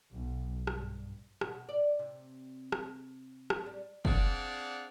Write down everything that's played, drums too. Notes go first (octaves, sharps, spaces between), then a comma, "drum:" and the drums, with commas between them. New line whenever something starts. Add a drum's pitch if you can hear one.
B1
G2, drum: rim click
B2, drum: rim click
D5
C3
drum: rim click
drum: rim click
G3
C4 D4 G#4 D5 F5 F#5, drum: kick